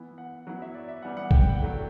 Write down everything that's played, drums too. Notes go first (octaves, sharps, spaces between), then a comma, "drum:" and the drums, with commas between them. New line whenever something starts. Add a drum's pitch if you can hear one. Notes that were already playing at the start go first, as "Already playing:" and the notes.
Already playing: E3 B3 E4
F#5
F#3 B3 E4 F#5
E5
D5
E5
E3 G3 B3 F#5
F#5
G5, drum: kick B1
G5
F#5
F#3 A3 E4 G5